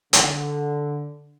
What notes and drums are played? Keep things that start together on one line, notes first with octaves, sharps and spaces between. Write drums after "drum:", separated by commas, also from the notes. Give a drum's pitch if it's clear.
D3, drum: hi-hat